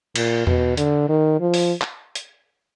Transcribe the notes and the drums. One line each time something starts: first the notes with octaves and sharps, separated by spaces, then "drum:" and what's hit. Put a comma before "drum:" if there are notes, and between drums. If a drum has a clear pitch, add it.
A#2, drum: cymbal
B2, drum: tom E2
D3, drum: hi-hat
D#3
F3
drum: open hi-hat
drum: clap
drum: hi-hat